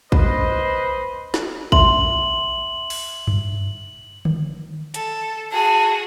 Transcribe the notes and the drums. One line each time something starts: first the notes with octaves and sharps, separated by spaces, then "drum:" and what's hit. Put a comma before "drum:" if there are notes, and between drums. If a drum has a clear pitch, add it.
B4 C5 D#5, drum: kick
drum: snare
E5 C6 F#7, drum: kick
drum: open hi-hat
drum: tom F#2
drum: tom D3
A4, drum: hi-hat
F#4 G#4 A5